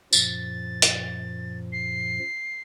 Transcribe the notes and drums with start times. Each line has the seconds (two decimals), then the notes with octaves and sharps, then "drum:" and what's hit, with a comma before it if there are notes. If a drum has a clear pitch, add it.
0.13 F#2 A#2 F3 A6, drum: tambourine
0.82 drum: hi-hat
1.73 C7